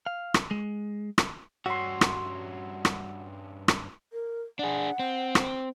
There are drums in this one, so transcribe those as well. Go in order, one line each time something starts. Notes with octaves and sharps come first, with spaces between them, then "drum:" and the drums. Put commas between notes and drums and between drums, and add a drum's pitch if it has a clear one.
F5
drum: rim click
G#3
drum: rim click
G2 C#4 F#4 E5 C6
drum: rim click
drum: rim click
drum: rim click
A#4
D4 G#4 F#5
C4
drum: rim click